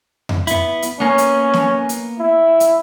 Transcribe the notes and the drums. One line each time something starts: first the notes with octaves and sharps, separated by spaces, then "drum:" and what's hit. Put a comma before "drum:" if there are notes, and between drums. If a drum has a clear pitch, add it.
drum: tom F2
B3 E4, drum: hi-hat
drum: hi-hat
A#3 B3 C#4
drum: hi-hat
drum: snare
drum: hi-hat
E4
drum: hi-hat